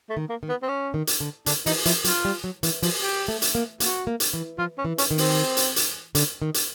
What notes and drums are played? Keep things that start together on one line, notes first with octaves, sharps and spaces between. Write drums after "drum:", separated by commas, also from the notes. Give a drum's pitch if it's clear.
A3
D#3
A#3
D#3
B3
C4
C#4
D#3
drum: hi-hat
D3
D3 D4, drum: hi-hat
E3 D#4, drum: open hi-hat
F3 E4, drum: hi-hat
F#3 F4, drum: hi-hat
G3
F#3
E3, drum: hi-hat
F3, drum: open hi-hat
G4
A3
drum: hi-hat
A#3
A#3 F#4, drum: hi-hat
A#3
drum: hi-hat
E3
F3 F4
C#4
E3
C#4, drum: hi-hat
D#3
C4, drum: open hi-hat
drum: hi-hat
drum: hi-hat
D3, drum: hi-hat
D#3
drum: hi-hat